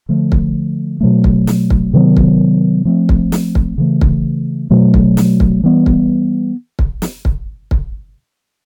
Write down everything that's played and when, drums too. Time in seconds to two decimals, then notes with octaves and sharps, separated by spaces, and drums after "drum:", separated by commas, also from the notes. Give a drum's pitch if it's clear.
0.09 D3 F3 A3
0.32 drum: kick
1.01 B2 F#3 A3
1.24 drum: kick
1.47 drum: snare
1.70 drum: kick
1.93 C3 D#3 F#3 B3
2.17 drum: kick
2.85 F3 A3 C4
3.09 drum: kick
3.32 drum: snare
3.55 drum: kick
3.78 C#3 E3 A3
4.01 drum: kick
4.71 B2 F#3 A3
4.94 drum: kick
5.17 drum: snare
5.40 drum: kick
5.64 E3 G3 B3
5.86 drum: kick
6.79 drum: kick
7.02 drum: snare
7.25 drum: kick
7.71 drum: kick